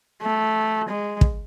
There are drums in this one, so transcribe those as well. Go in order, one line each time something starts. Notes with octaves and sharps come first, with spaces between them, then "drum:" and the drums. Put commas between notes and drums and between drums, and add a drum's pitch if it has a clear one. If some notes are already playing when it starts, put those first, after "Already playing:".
A3
G#3
drum: kick